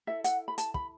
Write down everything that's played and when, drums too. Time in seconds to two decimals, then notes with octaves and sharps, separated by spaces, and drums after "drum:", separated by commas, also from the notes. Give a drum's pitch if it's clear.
0.07 E4 A4 E5
0.24 F#5, drum: hi-hat
0.48 B5
0.58 A5, drum: hi-hat
0.74 B5, drum: kick